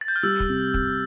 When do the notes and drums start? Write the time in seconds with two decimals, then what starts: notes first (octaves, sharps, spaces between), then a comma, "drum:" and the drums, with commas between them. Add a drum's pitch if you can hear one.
0.01 A6
0.08 G6
0.16 F6
0.23 G3 E6
0.40 drum: kick
0.49 C3
0.74 drum: kick